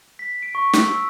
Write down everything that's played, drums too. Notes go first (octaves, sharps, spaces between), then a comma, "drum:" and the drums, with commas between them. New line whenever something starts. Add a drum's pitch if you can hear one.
B6
D7
C#6
E6, drum: snare
E6